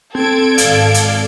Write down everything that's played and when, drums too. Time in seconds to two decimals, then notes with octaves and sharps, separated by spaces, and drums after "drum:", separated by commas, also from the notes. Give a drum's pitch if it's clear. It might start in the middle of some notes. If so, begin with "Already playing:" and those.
0.15 C4 A4 G#6 D7
0.58 G#1 D5 F5, drum: hi-hat
0.94 drum: hi-hat